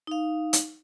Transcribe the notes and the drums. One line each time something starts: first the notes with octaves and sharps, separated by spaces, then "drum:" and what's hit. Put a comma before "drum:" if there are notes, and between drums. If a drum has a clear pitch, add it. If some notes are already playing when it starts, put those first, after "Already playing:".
D#4 F5
drum: hi-hat